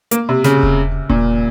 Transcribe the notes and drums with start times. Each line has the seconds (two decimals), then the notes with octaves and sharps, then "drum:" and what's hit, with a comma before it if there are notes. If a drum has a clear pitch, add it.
0.11 A#3, drum: hi-hat
0.29 C3
0.44 C#3, drum: snare
0.63 drum: kick E1
1.10 A#2, drum: kick E1